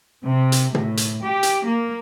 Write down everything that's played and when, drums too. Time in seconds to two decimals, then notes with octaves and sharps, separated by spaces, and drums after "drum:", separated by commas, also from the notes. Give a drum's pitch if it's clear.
0.24 C3
0.52 drum: hi-hat
0.75 A2, drum: tom
0.97 drum: hi-hat
1.23 G4
1.43 drum: hi-hat
1.65 A#3